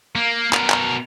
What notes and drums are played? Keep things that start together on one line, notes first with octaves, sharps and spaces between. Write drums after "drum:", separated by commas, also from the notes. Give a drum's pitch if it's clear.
A#3
B2 A#4, drum: clap
drum: clap